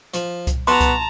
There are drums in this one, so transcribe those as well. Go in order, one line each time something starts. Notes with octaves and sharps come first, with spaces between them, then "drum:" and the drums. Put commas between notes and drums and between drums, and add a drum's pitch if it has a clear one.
F3, drum: hi-hat
drum: kick C2, hi-hat
B3 F#4 A5 A#5 C6
drum: kick C2, hi-hat